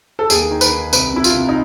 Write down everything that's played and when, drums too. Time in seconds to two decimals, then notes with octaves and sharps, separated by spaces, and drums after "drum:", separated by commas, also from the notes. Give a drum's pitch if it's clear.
0.19 A4
0.30 D#2 G#4, drum: tambourine
0.51 D#3
0.61 B4, drum: tambourine
0.72 D#3
0.93 C2 B4, drum: tambourine
1.13 C3 E4
1.24 F4, drum: tambourine
1.34 C3
1.49 D#4